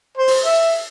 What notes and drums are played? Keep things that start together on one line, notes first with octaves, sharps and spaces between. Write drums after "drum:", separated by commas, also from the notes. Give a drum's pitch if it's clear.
C5
drum: open hi-hat
E5